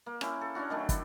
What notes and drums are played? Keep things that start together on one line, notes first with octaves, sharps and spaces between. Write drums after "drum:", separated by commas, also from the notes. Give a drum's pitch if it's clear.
A#3
C#4 E4 G4, drum: rim click
A4
C#4 D4 E4 F#4
D#3 F#3 A3 D4
E4, drum: kick, hi-hat